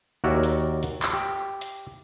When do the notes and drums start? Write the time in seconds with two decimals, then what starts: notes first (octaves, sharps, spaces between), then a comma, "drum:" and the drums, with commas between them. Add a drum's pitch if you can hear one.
0.24 D#2 F#4 A#4 C#5 D5 E5
0.43 drum: hi-hat
0.83 drum: hi-hat
1.02 drum: clap
1.13 G4
1.61 drum: hi-hat